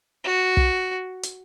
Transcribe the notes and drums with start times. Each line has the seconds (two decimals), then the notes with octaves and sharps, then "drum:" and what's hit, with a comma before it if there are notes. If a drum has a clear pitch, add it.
0.24 F#4
0.57 drum: kick
1.23 drum: hi-hat